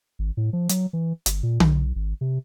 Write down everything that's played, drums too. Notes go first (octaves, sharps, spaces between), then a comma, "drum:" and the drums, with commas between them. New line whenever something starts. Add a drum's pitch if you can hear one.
G#1
A2
F3
F#3, drum: hi-hat
E3
G1, drum: hi-hat
A#2
B1, drum: tom D3
G#1
C3